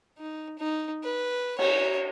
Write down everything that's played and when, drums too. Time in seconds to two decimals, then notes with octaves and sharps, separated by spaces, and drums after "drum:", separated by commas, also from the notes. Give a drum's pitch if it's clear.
0.18 D#4
0.58 D#4
1.04 B4
1.58 C#5, drum: cymbal